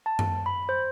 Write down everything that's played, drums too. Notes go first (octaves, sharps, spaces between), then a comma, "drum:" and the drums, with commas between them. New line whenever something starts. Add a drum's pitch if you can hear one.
A5
drum: tom F#2
B5
C5